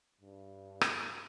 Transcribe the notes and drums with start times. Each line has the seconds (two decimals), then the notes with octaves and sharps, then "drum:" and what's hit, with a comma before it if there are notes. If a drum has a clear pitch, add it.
0.21 G2
0.81 drum: rim click